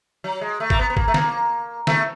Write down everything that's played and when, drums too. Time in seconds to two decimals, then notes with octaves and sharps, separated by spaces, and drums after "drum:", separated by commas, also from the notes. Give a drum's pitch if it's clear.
0.24 F#3
0.41 G#3
0.60 A3
0.70 A#3, drum: kick G#1
0.79 B3
0.90 B3
0.97 A#3, drum: kick G#1
1.08 A3
1.14 A#3, drum: snare
1.87 A3, drum: snare